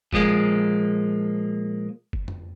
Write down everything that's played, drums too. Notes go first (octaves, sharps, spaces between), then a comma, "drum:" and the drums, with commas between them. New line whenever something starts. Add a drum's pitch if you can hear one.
A#2 F3 G#3 A#3, drum: kick
drum: kick
drum: tom F2